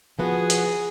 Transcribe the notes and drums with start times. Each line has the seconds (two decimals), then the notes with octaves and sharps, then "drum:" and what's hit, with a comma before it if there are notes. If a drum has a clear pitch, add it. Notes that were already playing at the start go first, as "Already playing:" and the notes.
0.19 F3 B3 F#4 G#4
0.50 drum: hi-hat